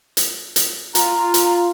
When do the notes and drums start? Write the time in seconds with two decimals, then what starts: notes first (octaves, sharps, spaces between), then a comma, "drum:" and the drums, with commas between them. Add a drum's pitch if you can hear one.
0.17 drum: hi-hat
0.56 drum: hi-hat
0.95 F4 A#5, drum: hi-hat
1.34 drum: hi-hat